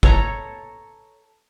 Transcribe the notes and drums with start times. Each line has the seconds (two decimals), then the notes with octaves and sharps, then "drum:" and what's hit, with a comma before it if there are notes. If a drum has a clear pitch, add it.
0.03 A4 C#5 A#5, drum: kick